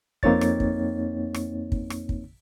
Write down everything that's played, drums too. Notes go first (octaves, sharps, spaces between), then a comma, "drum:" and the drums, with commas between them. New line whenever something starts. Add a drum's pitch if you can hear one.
F2 A#3 C4 D#4 C#5 A6, drum: kick
drum: rim click
drum: kick
drum: rim click
drum: kick
drum: rim click
drum: kick